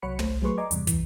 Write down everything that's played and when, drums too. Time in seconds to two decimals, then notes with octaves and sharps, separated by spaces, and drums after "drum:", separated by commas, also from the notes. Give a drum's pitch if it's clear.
0.02 C2 F#3 C#5 F#5 B5 C#7
0.19 G1 A3 C5, drum: tom
0.42 F#3 A3 G#4 B4 C6 C#6
0.58 D5 D#5 G#5 A#5 D6
0.71 E2 G2 C3, drum: hi-hat
0.87 E3, drum: kick, hi-hat